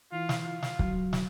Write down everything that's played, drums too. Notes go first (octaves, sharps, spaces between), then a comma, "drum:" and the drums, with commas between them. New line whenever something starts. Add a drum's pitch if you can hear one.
E3 F4
drum: snare
F4
drum: snare
F#3, drum: kick
drum: snare